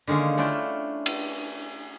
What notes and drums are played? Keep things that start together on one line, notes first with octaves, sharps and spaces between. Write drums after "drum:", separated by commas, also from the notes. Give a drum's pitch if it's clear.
D3 D#3 G#3 A#3 C#4
A3 C#4 D4 E4 F4 G5
drum: cymbal